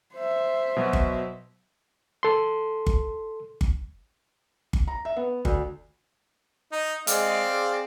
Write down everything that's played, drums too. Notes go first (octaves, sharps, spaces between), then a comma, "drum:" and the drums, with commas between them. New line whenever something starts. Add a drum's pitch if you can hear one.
C5 E5
B2 F#3
drum: kick G1
A4 C6
drum: kick G1
drum: kick G1
drum: kick G1
A#5
E5
B3
D2, drum: kick G1
D#4
G#3 C4 D5 F5, drum: hi-hat
G#4